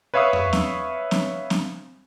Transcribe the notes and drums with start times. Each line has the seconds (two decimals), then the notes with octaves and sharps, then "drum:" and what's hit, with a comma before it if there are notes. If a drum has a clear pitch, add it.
0.14 B4 C#5 E5 F5 C#6 D#6
0.33 drum: tom E2
0.53 drum: snare
1.11 drum: snare
1.50 drum: snare